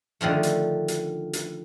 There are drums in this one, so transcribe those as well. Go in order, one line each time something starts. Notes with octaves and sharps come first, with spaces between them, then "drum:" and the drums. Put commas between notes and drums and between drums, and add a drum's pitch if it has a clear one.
D3 D#3 F3 A3
drum: hi-hat
drum: hi-hat
drum: hi-hat